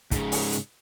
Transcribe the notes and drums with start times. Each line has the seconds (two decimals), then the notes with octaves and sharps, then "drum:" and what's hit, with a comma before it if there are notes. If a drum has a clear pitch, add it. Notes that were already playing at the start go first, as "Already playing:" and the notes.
0.11 G#2 C#3, drum: kick, hi-hat
0.32 drum: open hi-hat
0.52 drum: hi-hat